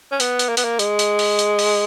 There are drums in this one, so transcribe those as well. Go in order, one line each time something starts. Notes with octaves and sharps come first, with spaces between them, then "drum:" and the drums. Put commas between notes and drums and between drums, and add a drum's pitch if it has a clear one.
C#4
B3, drum: hi-hat
drum: hi-hat
A#3
B3, drum: hi-hat
A#3
G#3, drum: hi-hat
drum: hi-hat
drum: open hi-hat
drum: hi-hat
drum: open hi-hat